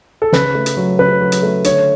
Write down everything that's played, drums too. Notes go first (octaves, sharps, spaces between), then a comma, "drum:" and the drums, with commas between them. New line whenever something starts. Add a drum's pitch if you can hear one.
A4
C#3 B4, drum: snare
A3
drum: hi-hat
F#3
C#3 B4
F#3
drum: hi-hat
A3
D3 C#5, drum: hi-hat